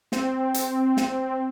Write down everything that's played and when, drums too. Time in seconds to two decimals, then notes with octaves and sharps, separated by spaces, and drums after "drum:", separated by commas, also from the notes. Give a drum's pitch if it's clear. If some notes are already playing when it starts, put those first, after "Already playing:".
0.12 C4, drum: snare
0.54 drum: hi-hat
0.97 drum: snare